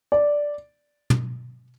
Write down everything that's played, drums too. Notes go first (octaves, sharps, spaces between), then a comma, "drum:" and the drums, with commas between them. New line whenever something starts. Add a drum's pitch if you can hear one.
D5
drum: tom